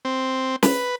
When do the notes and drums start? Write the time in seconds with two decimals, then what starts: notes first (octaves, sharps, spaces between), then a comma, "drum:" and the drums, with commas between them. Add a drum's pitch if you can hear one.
0.05 C4
0.63 B4, drum: snare